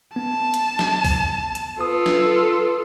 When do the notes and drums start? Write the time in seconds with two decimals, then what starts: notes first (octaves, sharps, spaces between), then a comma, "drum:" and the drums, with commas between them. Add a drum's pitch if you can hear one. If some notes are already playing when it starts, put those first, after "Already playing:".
0.16 B3 A5
0.54 drum: hi-hat
0.79 drum: snare
1.04 drum: kick, open hi-hat
1.55 drum: hi-hat
1.81 F4 A4 B4 D#6
2.06 drum: snare